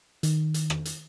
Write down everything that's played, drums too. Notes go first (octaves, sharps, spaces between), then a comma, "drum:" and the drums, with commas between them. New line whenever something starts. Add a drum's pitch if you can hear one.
D#3, drum: hi-hat
drum: hi-hat
drum: rim click
drum: hi-hat